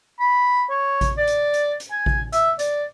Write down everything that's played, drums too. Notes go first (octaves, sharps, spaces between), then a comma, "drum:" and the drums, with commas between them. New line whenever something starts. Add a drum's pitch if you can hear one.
B5
C#5
drum: kick A1, hi-hat
D5
drum: hi-hat
drum: hi-hat
drum: hi-hat
G#5
drum: kick A1
E5, drum: hi-hat
D5, drum: hi-hat